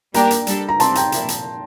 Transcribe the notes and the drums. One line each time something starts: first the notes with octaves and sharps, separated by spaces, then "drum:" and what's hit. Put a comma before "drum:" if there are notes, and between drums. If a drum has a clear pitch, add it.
G3 A#3 D4 G4 A#4 G5 A#5, drum: hi-hat
drum: hi-hat
G3 D4 A4, drum: hi-hat
A#5
C3 G3 C4 A5 C6, drum: hi-hat
G5 A#5, drum: hi-hat
A#2 F3 A#3 E4, drum: hi-hat
drum: hi-hat